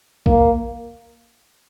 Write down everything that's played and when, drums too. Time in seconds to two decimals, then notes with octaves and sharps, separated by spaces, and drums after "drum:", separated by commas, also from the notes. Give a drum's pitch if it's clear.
0.26 A#3, drum: kick A#1